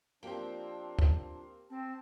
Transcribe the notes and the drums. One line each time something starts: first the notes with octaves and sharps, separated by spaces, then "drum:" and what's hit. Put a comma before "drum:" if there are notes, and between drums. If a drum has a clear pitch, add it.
F3 A#3 C4 D4 G4 G5
drum: kick
C4 A5